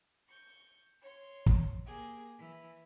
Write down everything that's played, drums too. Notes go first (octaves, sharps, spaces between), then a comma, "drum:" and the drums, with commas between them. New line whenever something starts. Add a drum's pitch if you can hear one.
C#6 G6
C#5 C6
drum: kick
A#3 G4 G#4
E3